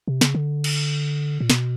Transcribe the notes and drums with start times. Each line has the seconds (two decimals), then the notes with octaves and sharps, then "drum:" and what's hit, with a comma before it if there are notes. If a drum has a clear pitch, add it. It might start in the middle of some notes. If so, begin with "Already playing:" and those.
0.08 C3
0.21 C#3, drum: snare
0.35 D3
0.64 drum: cymbal
1.40 A#2
1.50 B2, drum: snare